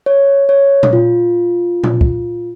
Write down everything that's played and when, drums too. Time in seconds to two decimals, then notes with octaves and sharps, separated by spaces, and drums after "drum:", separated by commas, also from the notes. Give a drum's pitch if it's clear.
0.06 C#5
0.49 C#5
0.83 drum: tom A#2
0.93 F4
1.84 drum: tom A#2
2.01 drum: kick